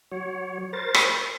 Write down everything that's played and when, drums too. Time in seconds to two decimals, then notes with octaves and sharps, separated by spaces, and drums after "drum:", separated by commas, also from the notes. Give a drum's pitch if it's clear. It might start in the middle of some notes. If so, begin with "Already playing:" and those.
0.12 F#3 C#5
0.73 A#4 C5 A6
0.94 drum: rim click